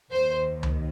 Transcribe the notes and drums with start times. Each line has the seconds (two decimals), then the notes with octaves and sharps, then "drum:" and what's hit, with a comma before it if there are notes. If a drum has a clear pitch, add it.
0.12 D#2 D#3 C5
0.63 drum: tom C#2